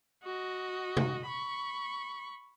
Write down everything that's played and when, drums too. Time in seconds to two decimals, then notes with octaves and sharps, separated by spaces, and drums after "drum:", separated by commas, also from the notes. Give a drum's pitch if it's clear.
0.23 F#4 D#5
0.97 drum: tom C3
1.26 B5 C#6